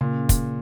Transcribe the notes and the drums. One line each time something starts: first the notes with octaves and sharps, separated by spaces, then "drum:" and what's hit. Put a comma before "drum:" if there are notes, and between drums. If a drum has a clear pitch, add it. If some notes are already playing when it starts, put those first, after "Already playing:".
A#2 C#3
drum: kick, hi-hat